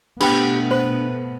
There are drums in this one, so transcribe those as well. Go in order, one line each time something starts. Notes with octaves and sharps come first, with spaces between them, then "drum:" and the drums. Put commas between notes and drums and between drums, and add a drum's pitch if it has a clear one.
B2 A3 B3 D4 G4 B4 G5 B5, drum: cymbal
B4 C5